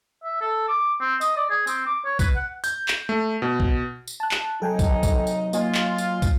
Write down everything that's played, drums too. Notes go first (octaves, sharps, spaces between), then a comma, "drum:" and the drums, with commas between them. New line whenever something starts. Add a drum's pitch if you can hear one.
E5
A4
D6
C4
D#5, drum: tambourine
D5
G#4
C4, drum: tambourine
D6
C#5
B4, drum: kick, tambourine
F#5
G6, drum: tambourine
drum: clap
A3
B2
drum: kick
drum: tambourine
A5 F#6
drum: clap
D#2 C3 F#3 D#4 A4 G5 G#5
drum: kick, tambourine
drum: kick, tambourine
drum: tambourine
A#3 F4 D#5 G#5, drum: tambourine
drum: clap
drum: tambourine
drum: kick, tambourine